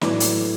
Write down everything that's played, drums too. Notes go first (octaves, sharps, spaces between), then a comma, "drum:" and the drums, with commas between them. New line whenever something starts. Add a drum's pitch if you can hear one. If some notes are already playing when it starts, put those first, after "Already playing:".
A2 F#3 B3 E4 D5 D6, drum: snare
drum: hi-hat